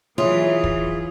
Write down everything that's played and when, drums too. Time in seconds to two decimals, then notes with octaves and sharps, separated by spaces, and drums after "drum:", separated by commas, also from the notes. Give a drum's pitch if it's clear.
0.18 E3 F#3 F4 G#4 C#5 E5
0.64 drum: kick